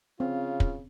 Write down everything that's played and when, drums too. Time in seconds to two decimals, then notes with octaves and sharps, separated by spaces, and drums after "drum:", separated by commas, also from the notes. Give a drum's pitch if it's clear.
0.20 C#3 C4 F4
0.60 drum: kick